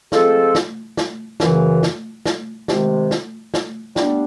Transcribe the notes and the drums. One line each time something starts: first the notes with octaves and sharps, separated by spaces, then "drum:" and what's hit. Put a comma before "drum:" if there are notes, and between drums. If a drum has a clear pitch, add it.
F3 G#3 C4 F4 A4, drum: snare
drum: snare
drum: snare
F#2 C#3 E3, drum: snare
drum: snare
drum: snare
C3 D#3 G#3, drum: snare
drum: snare
drum: snare
G3 B3 D4, drum: snare